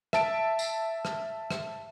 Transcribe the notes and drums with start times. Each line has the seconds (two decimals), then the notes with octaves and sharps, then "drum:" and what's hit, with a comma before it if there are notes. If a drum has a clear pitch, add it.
0.13 E5 A5 D7, drum: rim click
0.59 drum: tambourine
1.05 drum: rim click
1.50 drum: rim click